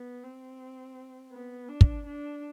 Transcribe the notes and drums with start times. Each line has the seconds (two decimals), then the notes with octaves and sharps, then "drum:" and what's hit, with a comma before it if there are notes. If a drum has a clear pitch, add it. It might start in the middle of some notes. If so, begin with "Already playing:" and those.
Already playing: B3
0.24 C4
1.32 B3
1.69 D4
1.81 drum: kick
2.06 D4